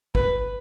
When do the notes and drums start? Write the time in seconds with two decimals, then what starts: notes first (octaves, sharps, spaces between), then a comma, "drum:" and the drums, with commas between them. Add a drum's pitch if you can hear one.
0.15 B4, drum: kick